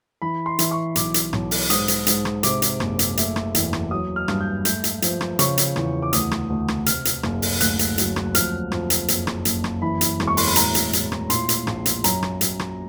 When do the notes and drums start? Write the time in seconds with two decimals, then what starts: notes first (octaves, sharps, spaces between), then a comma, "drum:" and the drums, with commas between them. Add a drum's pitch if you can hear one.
0.22 E3 B5
0.46 C6
0.59 E3, drum: hi-hat
0.71 C#6
0.96 B1 D6, drum: hi-hat
1.14 drum: hi-hat
1.33 B1, drum: rim click
1.51 drum: open hi-hat
1.70 G#2 D#6, drum: hi-hat
1.88 drum: hi-hat
2.07 G#2, drum: hi-hat
2.25 drum: rim click
2.43 C3 D6, drum: hi-hat
2.62 drum: hi-hat
2.80 F#1, drum: rim click
2.99 drum: hi-hat
3.17 A3, drum: hi-hat
3.36 drum: rim click
3.55 E2, drum: hi-hat
3.73 drum: rim click
3.91 F#3 D#6
4.16 F6
4.28 G2, drum: rim click
4.41 G6
4.65 A3 G6, drum: hi-hat
4.84 drum: hi-hat
5.02 F3, drum: hi-hat
5.21 drum: rim click
5.39 C#3 C#6, drum: hi-hat
5.58 drum: hi-hat
5.76 E2, drum: rim click
6.02 D6
6.13 D2 D#6, drum: hi-hat
6.31 drum: rim click
6.50 D2
6.68 drum: rim click
6.86 C3 F6, drum: hi-hat
7.05 drum: hi-hat
7.23 F#1, drum: rim click
7.42 drum: open hi-hat
7.61 D2 F#6, drum: hi-hat
7.79 drum: hi-hat
7.98 F#3, drum: hi-hat
8.16 drum: rim click
8.35 F2 F6, drum: hi-hat
8.72 F2, drum: rim click
8.90 drum: hi-hat
9.08 F#1, drum: hi-hat
9.27 drum: rim click
9.45 F#1, drum: hi-hat
9.64 drum: rim click
9.82 E3 B5
10.01 drum: hi-hat
10.20 E1, drum: rim click
10.28 C#6
10.37 C6, drum: open hi-hat
10.47 B5
10.56 A2 A#5, drum: hi-hat
10.75 drum: hi-hat
10.93 A2, drum: hi-hat
11.12 drum: rim click
11.30 A#2 C6, drum: hi-hat
11.49 drum: hi-hat
11.67 A#1, drum: rim click
11.86 drum: hi-hat
12.04 F#2 A#5, drum: hi-hat
12.22 drum: rim click
12.41 F#2, drum: hi-hat
12.59 drum: rim click